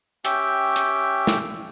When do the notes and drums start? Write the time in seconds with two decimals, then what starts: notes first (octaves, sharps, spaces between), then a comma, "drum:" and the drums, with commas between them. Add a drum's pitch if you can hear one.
0.25 C#4 G4 E5 G5, drum: hi-hat
0.76 drum: hi-hat
1.27 drum: snare